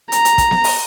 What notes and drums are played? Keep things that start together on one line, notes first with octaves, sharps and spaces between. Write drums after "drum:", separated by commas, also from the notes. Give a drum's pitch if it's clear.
A#5, drum: hi-hat
drum: hi-hat
drum: kick, hi-hat
drum: snare B3
drum: open hi-hat